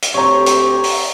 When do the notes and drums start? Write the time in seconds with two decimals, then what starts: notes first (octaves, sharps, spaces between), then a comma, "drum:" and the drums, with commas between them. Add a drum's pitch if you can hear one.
0.02 drum: hi-hat
0.14 D2 C4 G4 C#5 A#5 C#6
0.46 drum: hi-hat
0.84 drum: open hi-hat